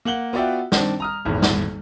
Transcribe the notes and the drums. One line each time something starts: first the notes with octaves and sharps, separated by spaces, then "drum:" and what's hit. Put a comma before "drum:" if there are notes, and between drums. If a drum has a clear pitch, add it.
A#3 F#5 F#7 G7
B3 F4 F#4 D5 E5 G5
D#3 C4 D4, drum: snare
A#5 D#6 F6
D#1 G#1 E2
drum: snare